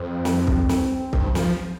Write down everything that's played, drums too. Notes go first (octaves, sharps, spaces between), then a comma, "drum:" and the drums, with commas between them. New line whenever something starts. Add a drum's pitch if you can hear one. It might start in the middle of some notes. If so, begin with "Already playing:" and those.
Already playing: F2 C4
drum: snare
drum: kick C2
drum: snare
G2, drum: kick C2
F3, drum: snare